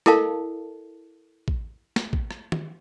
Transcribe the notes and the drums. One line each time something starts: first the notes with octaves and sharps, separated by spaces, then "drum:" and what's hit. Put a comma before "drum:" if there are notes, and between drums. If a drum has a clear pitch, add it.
E4 A4 A#4 D#5 F5 A5, drum: snare
drum: kick
drum: snare
drum: kick
drum: rim click
drum: tom